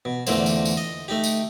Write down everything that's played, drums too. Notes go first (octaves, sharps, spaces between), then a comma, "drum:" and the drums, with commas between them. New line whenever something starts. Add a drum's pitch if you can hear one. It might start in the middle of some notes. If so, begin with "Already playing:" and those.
B2
E2 A#2 D3 A3 A#3 C5, drum: tambourine
drum: tambourine
drum: tambourine
D#5
A3 D#4 G4
drum: tambourine